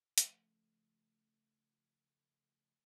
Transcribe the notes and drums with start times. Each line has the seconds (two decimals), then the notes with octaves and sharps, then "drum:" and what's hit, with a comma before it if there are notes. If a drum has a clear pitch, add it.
0.18 C#3 F3 A3, drum: hi-hat